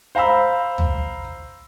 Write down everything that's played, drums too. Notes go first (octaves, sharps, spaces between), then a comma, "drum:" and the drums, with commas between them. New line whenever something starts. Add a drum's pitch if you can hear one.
C5 F5 A#5 B5 E6
drum: tom